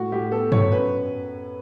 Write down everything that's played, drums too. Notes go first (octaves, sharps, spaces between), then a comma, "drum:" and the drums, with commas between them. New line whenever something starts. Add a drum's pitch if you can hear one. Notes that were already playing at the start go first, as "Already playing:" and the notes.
Already playing: A2 F#4
A2 G4
B3 A4
F#3 C#5, drum: tom G2
F#2 B4